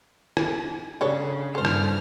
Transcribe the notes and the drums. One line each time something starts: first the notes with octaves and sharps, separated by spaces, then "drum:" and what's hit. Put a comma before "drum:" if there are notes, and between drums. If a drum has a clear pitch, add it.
drum: rim click
C#3 D4 A4 C#5
G2 A4 C5 F6
drum: rim click